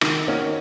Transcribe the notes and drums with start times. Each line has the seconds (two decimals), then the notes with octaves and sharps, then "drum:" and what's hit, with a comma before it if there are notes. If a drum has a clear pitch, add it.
0.01 D#3 F#4, drum: rim click
0.27 A#3 C#4 D#4 F#4